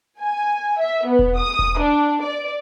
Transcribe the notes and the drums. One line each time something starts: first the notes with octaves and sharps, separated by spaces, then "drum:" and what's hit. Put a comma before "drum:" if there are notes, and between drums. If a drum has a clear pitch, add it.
G#5
E5
B3
drum: kick E1
D#6
drum: kick E1
D4
D5